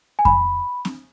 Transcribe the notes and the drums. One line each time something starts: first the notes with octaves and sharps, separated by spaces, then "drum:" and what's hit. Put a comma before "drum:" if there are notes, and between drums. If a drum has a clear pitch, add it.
G#5
B5, drum: kick F2
drum: snare C4